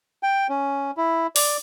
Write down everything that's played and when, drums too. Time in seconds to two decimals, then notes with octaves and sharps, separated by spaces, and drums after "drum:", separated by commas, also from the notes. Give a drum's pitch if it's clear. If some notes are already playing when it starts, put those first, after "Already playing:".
0.23 G5
0.49 C#4
0.97 E4
1.36 D5, drum: open hi-hat